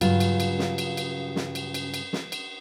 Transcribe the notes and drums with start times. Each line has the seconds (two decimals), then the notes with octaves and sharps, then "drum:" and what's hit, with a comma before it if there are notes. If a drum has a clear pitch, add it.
0.01 G2 C#3 F#3 F4, drum: cymbal
0.20 drum: cymbal
0.40 drum: cymbal
0.59 drum: snare
0.78 drum: cymbal
0.97 drum: cymbal
1.36 drum: snare
1.55 drum: cymbal
1.74 drum: cymbal
1.94 drum: cymbal
2.13 drum: snare
2.32 drum: cymbal